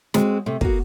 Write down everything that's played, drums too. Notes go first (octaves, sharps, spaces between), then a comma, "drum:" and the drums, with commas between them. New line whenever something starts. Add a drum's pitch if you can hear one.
G#3 C4 F#4, drum: snare
C3 A3
A#3 B3 F#4, drum: kick